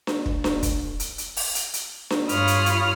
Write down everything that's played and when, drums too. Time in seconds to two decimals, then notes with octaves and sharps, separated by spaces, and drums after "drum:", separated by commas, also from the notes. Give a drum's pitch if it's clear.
0.07 drum: snare D4
0.26 drum: kick
0.44 drum: snare D4
0.63 drum: kick, hi-hat
1.00 drum: hi-hat
1.18 drum: hi-hat
1.37 drum: open hi-hat
1.55 drum: hi-hat
1.73 drum: hi-hat
2.10 drum: snare D4
2.29 G2 F4 C#5 B5 D#6 F6, drum: hi-hat
2.47 drum: hi-hat
2.66 drum: hi-hat